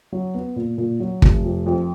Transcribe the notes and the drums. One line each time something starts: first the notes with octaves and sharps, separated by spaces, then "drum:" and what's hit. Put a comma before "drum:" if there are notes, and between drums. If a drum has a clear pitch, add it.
F#3
B3
A#2
A#2
F#3
F1, drum: kick
F2
F2